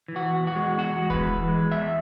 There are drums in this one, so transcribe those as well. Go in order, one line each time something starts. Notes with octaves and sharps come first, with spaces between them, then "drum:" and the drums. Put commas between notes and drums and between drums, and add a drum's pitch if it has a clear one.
E3
F#4
E2
F#4
G#3
E2 F#4
G#3
B4, drum: kick D#1
E3
G#3
E2 E5